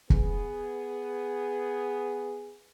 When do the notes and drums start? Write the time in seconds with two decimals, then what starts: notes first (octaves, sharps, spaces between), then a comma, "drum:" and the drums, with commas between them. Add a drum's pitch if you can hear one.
0.10 B3 G#4, drum: kick